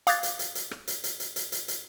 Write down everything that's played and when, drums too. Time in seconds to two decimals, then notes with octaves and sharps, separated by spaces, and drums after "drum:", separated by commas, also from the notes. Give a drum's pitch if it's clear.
0.07 F5 D6 D#6 F#6 G#6 A6, drum: hi-hat
0.23 drum: hi-hat
0.39 drum: hi-hat
0.55 drum: hi-hat
0.71 drum: rim click
0.87 drum: hi-hat
1.04 drum: hi-hat
1.20 drum: hi-hat
1.36 drum: hi-hat
1.52 drum: hi-hat
1.68 drum: hi-hat